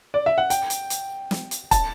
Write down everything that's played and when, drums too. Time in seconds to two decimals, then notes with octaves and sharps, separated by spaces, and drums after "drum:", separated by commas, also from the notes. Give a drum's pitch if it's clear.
0.14 D5
0.26 E5
0.38 F#5
0.50 G5, drum: hi-hat
0.70 drum: hi-hat
0.90 drum: hi-hat
1.31 drum: snare
1.51 drum: hi-hat
1.71 A5, drum: kick, hi-hat